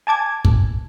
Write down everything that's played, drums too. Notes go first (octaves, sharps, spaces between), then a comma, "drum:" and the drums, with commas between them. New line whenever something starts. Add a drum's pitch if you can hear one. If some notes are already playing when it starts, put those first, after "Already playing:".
G#5 A5 D6 G#6
drum: kick